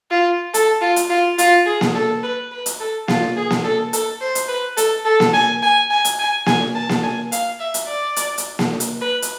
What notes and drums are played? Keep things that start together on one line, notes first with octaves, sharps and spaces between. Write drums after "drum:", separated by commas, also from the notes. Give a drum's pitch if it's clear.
F4
A4, drum: hi-hat
F4
drum: hi-hat
F4
F4, drum: hi-hat
G#4
drum: snare A#3
A4
B4
B4
drum: hi-hat
A4
F4, drum: snare A#3
G#4
drum: snare A#3
A4
A4, drum: hi-hat
C5
drum: hi-hat
B4
A4, drum: hi-hat
A4
drum: snare A#3
G#5
G#5
G#5
drum: hi-hat
G#5
G#5, drum: snare A#3
A5
drum: snare A#3
G#5
F5, drum: hi-hat
E5
drum: hi-hat
D5
drum: hi-hat
drum: hi-hat
drum: snare A#3
drum: hi-hat
B4
drum: hi-hat